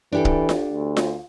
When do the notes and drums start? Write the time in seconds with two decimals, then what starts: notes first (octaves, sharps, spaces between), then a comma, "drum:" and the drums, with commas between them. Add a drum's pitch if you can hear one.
0.12 E3 D4 G4 A4
0.25 drum: kick
0.49 drum: snare F4
0.73 D2
0.97 drum: snare F4